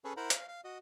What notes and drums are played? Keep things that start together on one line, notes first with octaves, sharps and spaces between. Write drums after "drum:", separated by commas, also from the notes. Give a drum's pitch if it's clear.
C#4 G#4 A4 B4 C#5
E4 A#4 C5 F#5 A#5 B5
F5, drum: hi-hat
F5
F#4 D#5